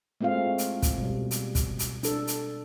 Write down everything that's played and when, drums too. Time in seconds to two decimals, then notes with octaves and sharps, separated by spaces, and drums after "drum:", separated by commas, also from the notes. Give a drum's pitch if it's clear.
0.21 G#3 A3 C4 F4 F5
0.58 drum: hi-hat
0.82 drum: kick, hi-hat
0.98 B2 G3
1.31 drum: hi-hat
1.55 drum: kick, hi-hat
1.79 drum: hi-hat
2.03 D4 A4, drum: hi-hat
2.27 drum: hi-hat